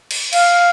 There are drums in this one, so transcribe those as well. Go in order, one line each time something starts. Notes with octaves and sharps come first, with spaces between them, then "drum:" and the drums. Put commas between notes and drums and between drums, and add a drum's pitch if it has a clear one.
drum: cymbal
F5, drum: cymbal